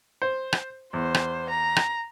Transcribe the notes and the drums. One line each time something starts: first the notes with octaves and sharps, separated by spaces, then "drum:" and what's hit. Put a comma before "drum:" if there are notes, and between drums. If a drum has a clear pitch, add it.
C5
drum: rim click
E2 C5
drum: rim click
A#5
drum: rim click